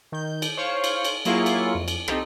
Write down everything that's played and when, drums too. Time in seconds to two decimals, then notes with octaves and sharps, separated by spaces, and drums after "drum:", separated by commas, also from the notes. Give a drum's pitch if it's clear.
0.12 D#3 G6
0.42 drum: cymbal
0.57 C5 C#5 F5 C#6
0.84 drum: cymbal
1.05 drum: cymbal
1.25 F#3 A#3 E4 F4 G#4 C#6, drum: cymbal
1.46 drum: cymbal
1.75 F2
1.88 drum: cymbal
2.08 C4 D#4 G4 A4, drum: rim click